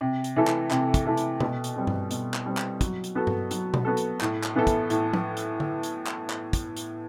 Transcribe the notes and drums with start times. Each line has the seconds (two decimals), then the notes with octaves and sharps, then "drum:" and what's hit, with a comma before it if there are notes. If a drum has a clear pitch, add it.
0.01 C3
0.24 drum: hi-hat
0.36 E3 A3 E4 A4
0.48 drum: clap
0.71 C3, drum: clap
0.94 drum: kick, hi-hat
1.06 E3 A3 E4 A4
1.17 drum: hi-hat
1.40 B2, drum: tom B2
1.64 drum: hi-hat
1.76 G3 C4
1.87 drum: tom G2
2.11 B2, drum: hi-hat
2.34 drum: clap
2.46 G3 C4
2.57 drum: clap
2.81 F#3, drum: kick, hi-hat
3.04 drum: hi-hat
3.15 B3 F#4 A4
3.27 drum: tom G2
3.51 F#3, drum: hi-hat
3.74 drum: tom B2
3.85 B3 F#4 A4
3.97 drum: hi-hat
4.21 A2, drum: clap
4.44 drum: clap
4.55 E3 B3 E4 A4
4.67 drum: kick, hi-hat
4.90 A2, drum: hi-hat
5.13 drum: tom
5.37 drum: hi-hat
5.60 drum: tom D3
5.83 drum: hi-hat
6.07 drum: clap
6.30 drum: clap
6.53 drum: kick, hi-hat
6.77 drum: hi-hat